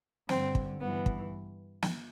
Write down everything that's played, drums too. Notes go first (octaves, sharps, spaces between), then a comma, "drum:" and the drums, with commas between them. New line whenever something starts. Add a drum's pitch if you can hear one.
G2 D3 C4, drum: snare
drum: kick
G2 E3 B3
drum: kick
drum: snare